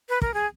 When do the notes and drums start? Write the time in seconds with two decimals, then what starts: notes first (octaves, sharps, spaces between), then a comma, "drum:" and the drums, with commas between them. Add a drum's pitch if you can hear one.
0.09 B4
0.22 A#4, drum: kick
0.34 G#4